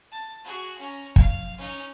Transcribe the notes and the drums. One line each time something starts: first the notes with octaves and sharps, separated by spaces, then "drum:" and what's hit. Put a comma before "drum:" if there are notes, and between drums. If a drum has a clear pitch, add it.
A5
F#4 G#4
C#4 A#5
F5, drum: kick
C#4 D#4